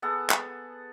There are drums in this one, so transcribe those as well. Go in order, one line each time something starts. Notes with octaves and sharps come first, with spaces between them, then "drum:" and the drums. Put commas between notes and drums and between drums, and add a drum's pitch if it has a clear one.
B3 G#4 A4 F#5
drum: clap